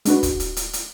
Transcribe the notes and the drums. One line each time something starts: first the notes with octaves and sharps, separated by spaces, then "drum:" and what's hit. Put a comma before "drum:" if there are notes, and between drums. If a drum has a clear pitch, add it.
G#3 D4 F#4 B4, drum: hi-hat
drum: kick, hi-hat
drum: hi-hat
drum: hi-hat
drum: hi-hat